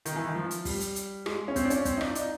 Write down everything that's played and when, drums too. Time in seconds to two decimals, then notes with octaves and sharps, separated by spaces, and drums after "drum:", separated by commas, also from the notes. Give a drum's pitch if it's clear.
0.06 D#3, drum: hi-hat
0.16 E3
0.25 D#3
0.35 F3
0.51 drum: hi-hat
0.65 G3, drum: kick, open hi-hat
0.81 drum: hi-hat
0.96 drum: hi-hat
1.26 G#3, drum: rim click
1.48 C#4
1.56 C4, drum: kick, hi-hat
1.65 D4
1.70 C#4, drum: hi-hat
1.85 C4, drum: kick, hi-hat
1.97 D#4
2.01 D4, drum: rim click
2.15 D#4, drum: hi-hat